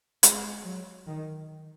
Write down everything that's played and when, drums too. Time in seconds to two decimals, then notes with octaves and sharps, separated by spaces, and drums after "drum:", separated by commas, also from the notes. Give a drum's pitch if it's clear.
0.23 G#3, drum: hi-hat
0.65 F#3
1.06 D#3